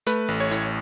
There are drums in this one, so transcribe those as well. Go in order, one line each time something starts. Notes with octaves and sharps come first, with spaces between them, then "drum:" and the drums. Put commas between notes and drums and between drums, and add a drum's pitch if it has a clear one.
A3 B4, drum: hi-hat
A1
C#5
A2, drum: hi-hat